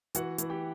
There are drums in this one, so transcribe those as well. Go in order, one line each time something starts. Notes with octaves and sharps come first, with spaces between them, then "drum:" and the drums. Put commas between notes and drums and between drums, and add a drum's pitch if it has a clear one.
E3 F#4 F#5, drum: hi-hat
E3, drum: hi-hat
G4 G5